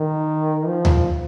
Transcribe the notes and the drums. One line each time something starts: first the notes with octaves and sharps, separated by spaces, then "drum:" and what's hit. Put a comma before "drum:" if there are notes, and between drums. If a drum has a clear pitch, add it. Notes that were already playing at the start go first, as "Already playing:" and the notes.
Already playing: D#3
F3
drum: tom D2